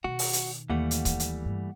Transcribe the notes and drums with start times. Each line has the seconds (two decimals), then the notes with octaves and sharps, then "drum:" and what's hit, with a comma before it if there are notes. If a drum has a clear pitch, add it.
0.04 B2 D#3 F#4
0.19 drum: open hi-hat
0.33 drum: hi-hat
0.70 D#2 E3 G3 A3 A#3 F#5
0.91 drum: hi-hat
1.05 drum: kick C#1, hi-hat
1.20 drum: hi-hat
1.45 G2